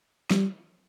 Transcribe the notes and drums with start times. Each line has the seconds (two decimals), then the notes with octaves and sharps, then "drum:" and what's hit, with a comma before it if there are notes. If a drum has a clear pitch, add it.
0.31 G3, drum: snare